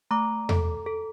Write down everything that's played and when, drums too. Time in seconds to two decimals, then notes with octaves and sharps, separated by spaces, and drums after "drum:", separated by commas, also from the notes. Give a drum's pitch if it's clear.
0.11 A3 A#5 D6
0.49 A4, drum: tom E2
0.86 A4